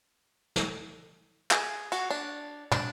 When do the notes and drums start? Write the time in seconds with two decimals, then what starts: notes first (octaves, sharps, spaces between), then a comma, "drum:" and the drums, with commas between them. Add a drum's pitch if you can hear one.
0.56 drum: snare
1.51 G#4, drum: clap
1.92 F#4, drum: cymbal
2.11 D4
2.72 D4, drum: tom